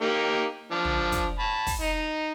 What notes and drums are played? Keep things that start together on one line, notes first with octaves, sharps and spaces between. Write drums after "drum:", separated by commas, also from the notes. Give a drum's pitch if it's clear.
A#3 D#4 G4
F3 D4
drum: tom
drum: kick, hi-hat
A5 B5
drum: kick, open hi-hat
D#4